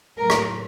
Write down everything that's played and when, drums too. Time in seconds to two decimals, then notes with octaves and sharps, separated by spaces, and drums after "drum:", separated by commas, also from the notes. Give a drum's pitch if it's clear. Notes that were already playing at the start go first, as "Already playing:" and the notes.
0.17 A2 F#3 A#4
0.30 drum: rim click